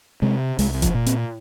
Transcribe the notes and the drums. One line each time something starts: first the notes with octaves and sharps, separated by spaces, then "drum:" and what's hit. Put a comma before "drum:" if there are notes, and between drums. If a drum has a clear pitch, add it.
C3 G#3
C2 G#3, drum: open hi-hat
F3, drum: kick F1, hi-hat
A#2
C4, drum: hi-hat